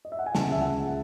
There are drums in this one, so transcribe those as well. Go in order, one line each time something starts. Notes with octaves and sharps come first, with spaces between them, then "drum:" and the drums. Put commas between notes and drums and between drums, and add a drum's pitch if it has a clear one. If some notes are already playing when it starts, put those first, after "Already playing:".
D#5
E5
F#5
G#5
C#3 A5, drum: snare
C#2 E5
F#5
G#3
F#5